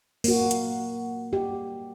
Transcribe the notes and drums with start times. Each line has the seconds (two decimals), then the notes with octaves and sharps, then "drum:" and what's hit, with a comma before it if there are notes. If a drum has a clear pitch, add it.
0.24 A#3 F#4, drum: open hi-hat
0.51 drum: hi-hat
1.33 G4